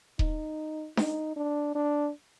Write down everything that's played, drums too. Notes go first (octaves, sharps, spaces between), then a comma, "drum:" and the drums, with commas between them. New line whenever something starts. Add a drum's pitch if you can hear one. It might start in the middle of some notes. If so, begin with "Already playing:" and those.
D#4, drum: kick D#1
D#4, drum: snare D4
D4
D4